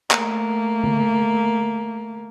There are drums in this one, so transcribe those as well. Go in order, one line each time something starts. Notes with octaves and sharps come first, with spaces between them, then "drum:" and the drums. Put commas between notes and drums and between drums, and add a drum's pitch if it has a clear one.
A3 A#3, drum: clap
drum: tom D3